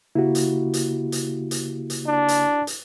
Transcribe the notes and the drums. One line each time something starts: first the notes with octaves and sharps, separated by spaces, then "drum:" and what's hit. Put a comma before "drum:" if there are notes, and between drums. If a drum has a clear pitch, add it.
C#3 A#3 E4 F#4 G4
drum: hi-hat
drum: hi-hat
drum: hi-hat
drum: hi-hat
drum: hi-hat
D4
drum: hi-hat
drum: hi-hat